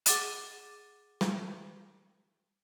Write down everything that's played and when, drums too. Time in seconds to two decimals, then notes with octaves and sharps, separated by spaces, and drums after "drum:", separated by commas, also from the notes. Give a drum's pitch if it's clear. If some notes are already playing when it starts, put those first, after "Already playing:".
0.06 G#4 F#5 D6 A6 D#7 E7, drum: hi-hat
1.21 drum: snare